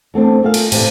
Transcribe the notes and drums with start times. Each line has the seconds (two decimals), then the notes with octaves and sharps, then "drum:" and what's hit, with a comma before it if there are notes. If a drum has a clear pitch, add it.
0.14 E2 A3 C4 D4
0.43 A3 A#3 F4 G#4 A4 F5
0.54 drum: cymbal
0.72 A2 C3 E3 A3 C4 G4, drum: cymbal